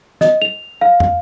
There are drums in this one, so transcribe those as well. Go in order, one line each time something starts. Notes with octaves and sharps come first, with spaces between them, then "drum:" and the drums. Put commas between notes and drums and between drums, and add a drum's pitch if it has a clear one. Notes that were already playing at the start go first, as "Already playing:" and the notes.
D#5, drum: snare
F7
F5
drum: tom